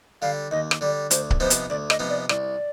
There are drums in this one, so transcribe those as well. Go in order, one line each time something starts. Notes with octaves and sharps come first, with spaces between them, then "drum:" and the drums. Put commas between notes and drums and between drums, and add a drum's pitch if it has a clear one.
D3 G3 F5
D#2 D#5
drum: rim click
D3 G3 D5
D2 C5, drum: hi-hat
drum: kick C#1
C3 F3 B3 D#4 C5
drum: hi-hat
D2 D5
D#5, drum: rim click
C3 F3 B3 D#4
D5
C2 D5, drum: rim click